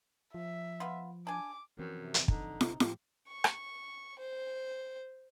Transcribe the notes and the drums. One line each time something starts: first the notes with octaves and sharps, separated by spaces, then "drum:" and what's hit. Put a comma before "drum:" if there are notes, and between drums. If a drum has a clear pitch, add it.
F3 E5
B3 F4
D4 G#5 D6
F#2 E3 F3 C4
C3
drum: hi-hat
D3 D#4, drum: kick
C3, drum: snare
A2 F3 G4, drum: snare
C#6
drum: rim click
C5